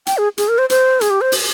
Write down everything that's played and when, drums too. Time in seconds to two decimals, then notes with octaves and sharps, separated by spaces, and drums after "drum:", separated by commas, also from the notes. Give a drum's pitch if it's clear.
0.07 G5, drum: hi-hat
0.18 G#4
0.38 G#4, drum: hi-hat
0.48 A#4
0.58 C5
0.70 C5, drum: hi-hat
1.01 G#4, drum: hi-hat
1.10 G4
1.21 C5
1.32 drum: open hi-hat